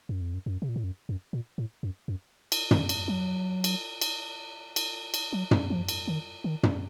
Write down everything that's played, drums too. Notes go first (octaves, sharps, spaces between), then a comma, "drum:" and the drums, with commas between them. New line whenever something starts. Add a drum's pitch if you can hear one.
F#2
F2
F#2
F#2
C3
A#2
A2
F#2
F#2
A#2
A2
F#2
F#2
drum: cymbal
D#3, drum: tom
drum: cymbal
F#3
drum: cymbal
drum: cymbal
drum: cymbal
drum: cymbal
F#3
drum: tom
F3
drum: cymbal
D#3
D#3
drum: tom